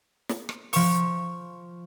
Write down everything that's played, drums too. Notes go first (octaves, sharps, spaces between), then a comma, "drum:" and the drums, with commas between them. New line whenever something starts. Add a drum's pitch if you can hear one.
drum: snare
drum: rim click
F3 C#6, drum: open hi-hat